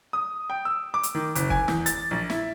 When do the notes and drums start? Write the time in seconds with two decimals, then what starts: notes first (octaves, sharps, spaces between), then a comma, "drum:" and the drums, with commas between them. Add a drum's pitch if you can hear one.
0.13 D#6
0.50 G5
0.65 E6
0.94 D6
1.03 drum: hi-hat
1.15 D#3
1.35 F#1, drum: hi-hat
1.50 G#5, drum: kick
1.68 E2, drum: snare
1.86 A6, drum: hi-hat
2.11 A#1
2.30 E4, drum: snare